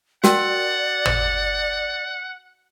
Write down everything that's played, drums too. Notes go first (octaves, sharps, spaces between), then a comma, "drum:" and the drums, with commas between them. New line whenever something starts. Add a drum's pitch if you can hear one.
F#4 A#4 D5 F#5 G5, drum: snare
drum: tom G#1